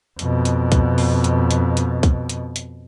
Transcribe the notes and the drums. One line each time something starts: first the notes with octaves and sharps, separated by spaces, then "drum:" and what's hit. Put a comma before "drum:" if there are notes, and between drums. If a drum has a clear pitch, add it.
F2 B2, drum: hi-hat
drum: hi-hat
drum: kick, hi-hat
drum: open hi-hat
drum: hi-hat
drum: hi-hat
drum: hi-hat
drum: kick, hi-hat
drum: hi-hat
drum: hi-hat